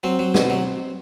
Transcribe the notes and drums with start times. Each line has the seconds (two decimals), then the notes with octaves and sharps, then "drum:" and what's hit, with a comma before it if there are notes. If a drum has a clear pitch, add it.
0.03 F#3 C4
0.19 F#3
0.34 B2, drum: snare
0.50 F#3